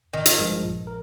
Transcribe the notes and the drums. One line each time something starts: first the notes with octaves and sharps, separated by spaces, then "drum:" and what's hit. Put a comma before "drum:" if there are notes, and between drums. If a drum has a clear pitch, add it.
G#1 D#3
drum: hi-hat
G2 F3 G#3
A#1
A#4